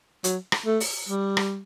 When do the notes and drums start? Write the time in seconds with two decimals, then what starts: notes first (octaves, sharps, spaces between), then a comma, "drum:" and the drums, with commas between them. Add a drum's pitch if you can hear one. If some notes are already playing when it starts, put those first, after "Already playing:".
0.24 F#3, drum: hi-hat
0.52 drum: rim click
0.66 A3
0.80 drum: open hi-hat
1.09 G3
1.37 drum: rim click